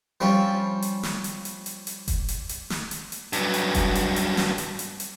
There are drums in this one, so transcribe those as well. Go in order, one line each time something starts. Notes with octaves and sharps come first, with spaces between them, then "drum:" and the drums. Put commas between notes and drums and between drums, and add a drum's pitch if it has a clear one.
F3 G3 C4 C#4 F4
drum: hi-hat
drum: snare
drum: hi-hat
drum: hi-hat
drum: hi-hat
drum: hi-hat
drum: kick F1, hi-hat
drum: hi-hat
drum: hi-hat
drum: snare
drum: hi-hat
drum: hi-hat
G2 F#3, drum: hi-hat
drum: hi-hat
drum: kick F1, hi-hat
drum: hi-hat
drum: hi-hat
drum: snare
drum: hi-hat
drum: hi-hat
drum: hi-hat